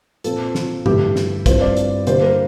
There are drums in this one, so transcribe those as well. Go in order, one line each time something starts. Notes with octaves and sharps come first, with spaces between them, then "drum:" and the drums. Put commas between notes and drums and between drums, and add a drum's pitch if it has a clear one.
A#2 F3 C4 A4, drum: hi-hat
drum: snare
G2 D3 A3 E4 G4, drum: tom
drum: snare
G2 F3 C4 E4 C5, drum: kick, hi-hat
D5
drum: hi-hat
D3 G3 A#3 E4 C5, drum: hi-hat
A#4